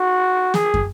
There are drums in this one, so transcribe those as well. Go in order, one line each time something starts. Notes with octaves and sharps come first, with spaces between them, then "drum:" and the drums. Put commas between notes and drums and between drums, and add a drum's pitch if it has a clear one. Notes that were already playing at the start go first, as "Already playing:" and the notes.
Already playing: F#4
G#4, drum: snare
drum: kick